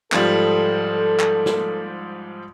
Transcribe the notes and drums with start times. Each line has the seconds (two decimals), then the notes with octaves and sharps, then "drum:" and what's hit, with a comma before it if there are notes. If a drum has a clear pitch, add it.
0.12 G#2 F3 G3 A4, drum: clap
1.20 drum: clap
1.46 drum: snare